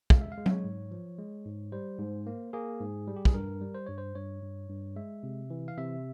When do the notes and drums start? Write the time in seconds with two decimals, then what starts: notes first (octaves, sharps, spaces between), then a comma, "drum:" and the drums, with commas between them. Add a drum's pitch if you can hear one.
0.10 G#3 F5, drum: kick
0.21 E5
0.32 F5
0.38 G#3
0.46 E5, drum: tom F#3
0.51 C#5
0.64 G#2
0.91 F3
1.18 G#3
1.45 G#2
1.72 G3 C5
1.99 G#2
2.27 A#3
2.53 A#3 G#4
2.81 G#2
3.07 G3
3.16 G4
3.25 G#4, drum: kick
3.34 G2 A#4
3.61 G3
3.75 C5
3.86 G2 C#5
3.98 C5
4.15 G2 C#5
4.42 G2
4.69 G2
4.96 G#3 E5
5.23 C3
5.50 E3
5.68 F5
5.78 C3 E5